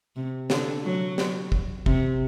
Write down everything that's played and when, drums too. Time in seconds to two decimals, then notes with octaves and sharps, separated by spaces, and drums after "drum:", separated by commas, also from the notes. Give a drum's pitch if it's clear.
0.16 C3
0.50 D3, drum: snare
0.84 F#3
1.18 drum: snare
1.52 drum: kick
1.86 C3, drum: kick